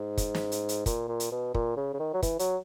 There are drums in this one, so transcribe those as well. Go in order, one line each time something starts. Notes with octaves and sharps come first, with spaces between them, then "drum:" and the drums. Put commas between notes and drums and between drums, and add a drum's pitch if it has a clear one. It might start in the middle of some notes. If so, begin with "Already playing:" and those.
Already playing: G#2
drum: kick, hi-hat
drum: snare
drum: hi-hat
drum: hi-hat
A#2, drum: kick, hi-hat
A#2
drum: hi-hat
B2
A#2, drum: kick
C#3
C#3
D#3
F#3
E3, drum: kick, hi-hat
F#3, drum: hi-hat